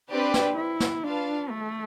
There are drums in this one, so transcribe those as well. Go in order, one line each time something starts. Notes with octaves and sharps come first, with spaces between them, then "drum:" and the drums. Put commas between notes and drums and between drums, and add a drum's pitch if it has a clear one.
C4 D4 G4 B4 D5
drum: snare
E4
drum: snare
D4 F4 B4 F5 A5
A3